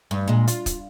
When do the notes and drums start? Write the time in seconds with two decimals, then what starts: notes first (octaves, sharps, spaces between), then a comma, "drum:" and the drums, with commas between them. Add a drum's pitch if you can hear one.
0.11 G2
0.28 A#2 G#3
0.48 F4, drum: hi-hat
0.66 drum: kick, hi-hat